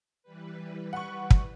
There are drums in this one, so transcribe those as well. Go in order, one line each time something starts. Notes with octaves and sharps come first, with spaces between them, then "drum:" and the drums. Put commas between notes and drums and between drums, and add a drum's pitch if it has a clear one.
E3 G3 B4
F#5 C#6
drum: kick